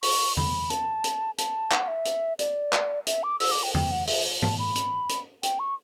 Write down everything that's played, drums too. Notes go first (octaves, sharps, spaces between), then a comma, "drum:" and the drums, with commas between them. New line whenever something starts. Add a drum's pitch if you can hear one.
C#6, drum: open hi-hat
B5, drum: tom E2
A5, drum: hi-hat
drum: hi-hat
A5, drum: hi-hat
F#5, drum: clap
E5
drum: hi-hat
D5, drum: hi-hat
drum: clap
E5, drum: hi-hat
D6
E6, drum: open hi-hat
D6
G5
G5, drum: tom E2
F#5
E5, drum: open hi-hat
A5, drum: tom G#2
B5
drum: hi-hat
drum: hi-hat
G5, drum: hi-hat
C#6